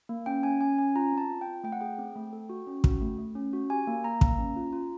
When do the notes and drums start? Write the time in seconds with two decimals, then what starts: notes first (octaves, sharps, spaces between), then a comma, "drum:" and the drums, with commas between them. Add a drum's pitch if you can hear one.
0.09 A#3
0.26 C#4 G5
0.43 C#4 G#5
0.61 C#4 G#5
0.78 C#4 G#5
0.95 F4 A#5
1.12 C4
1.18 A5
1.30 F4
1.41 G5
1.47 C4
1.64 A3 G5
1.72 F#5
1.81 G#4 G5
1.99 C4
2.16 A3
2.33 A4
2.50 F#4
2.67 C#4
2.84 F#4, drum: kick
3.01 A3
3.18 A3
3.35 C#4
3.53 F#4
3.70 G4 G#5
3.87 A#3
4.04 A#3 A#5
4.21 A#3, drum: kick
4.38 C#4
4.56 F4
4.73 F4